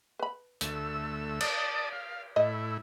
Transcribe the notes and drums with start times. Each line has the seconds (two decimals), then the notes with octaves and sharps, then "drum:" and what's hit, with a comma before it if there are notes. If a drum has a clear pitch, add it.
0.19 B4 B5
0.61 D2 A3 E6, drum: hi-hat
1.40 D5 A5 D#6, drum: cymbal
1.93 F5
2.36 A2 E4 D#5